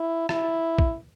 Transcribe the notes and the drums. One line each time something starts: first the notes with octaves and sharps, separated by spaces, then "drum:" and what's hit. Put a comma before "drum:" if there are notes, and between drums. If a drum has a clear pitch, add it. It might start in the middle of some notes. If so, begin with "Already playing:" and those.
Already playing: E4
E4, drum: rim click
drum: kick